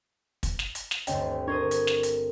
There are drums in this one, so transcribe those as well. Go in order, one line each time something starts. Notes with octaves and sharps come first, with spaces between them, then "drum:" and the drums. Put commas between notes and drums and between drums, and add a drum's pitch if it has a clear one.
drum: kick, hi-hat
drum: snare
drum: hi-hat
drum: snare
G1 D2 C4 C#5 D#5 G5, drum: hi-hat
D4 A#4 C5 C#6 D#6 G#6
drum: hi-hat
drum: snare
drum: hi-hat